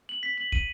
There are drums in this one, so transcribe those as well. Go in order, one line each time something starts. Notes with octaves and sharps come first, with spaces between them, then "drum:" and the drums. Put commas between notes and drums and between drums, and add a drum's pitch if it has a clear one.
F#7
B6
F#7
D#7, drum: kick